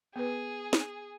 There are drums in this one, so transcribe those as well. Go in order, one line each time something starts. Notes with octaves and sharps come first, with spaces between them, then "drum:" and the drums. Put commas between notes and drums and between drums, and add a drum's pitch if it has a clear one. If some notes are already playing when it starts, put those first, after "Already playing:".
B3 G#4 B4
drum: snare